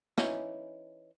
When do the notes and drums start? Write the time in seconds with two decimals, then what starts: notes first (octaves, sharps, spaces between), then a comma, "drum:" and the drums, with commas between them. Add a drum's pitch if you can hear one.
0.18 E3 C#4 D#4, drum: snare